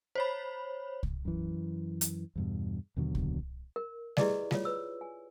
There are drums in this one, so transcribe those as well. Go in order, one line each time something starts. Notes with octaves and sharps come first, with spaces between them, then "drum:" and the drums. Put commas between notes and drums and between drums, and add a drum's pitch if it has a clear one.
C5 C#5 B5
drum: kick C2
F#2 E3
drum: hi-hat
E2 G2 B2
D#2 B2 D3 F#3
drum: kick C2
A#4
E4 G4 G#4 B4 D5 D#5, drum: snare G3
F4 C#5, drum: snare G3
B4 E6
G#5